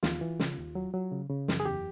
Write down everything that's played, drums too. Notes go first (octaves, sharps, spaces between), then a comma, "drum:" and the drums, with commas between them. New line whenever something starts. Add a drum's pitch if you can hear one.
D#2 F4, drum: snare
E3
C#3, drum: snare
D#2
F#3
F#3
C#3
C#3
F#2, drum: snare
G#4
E2 G4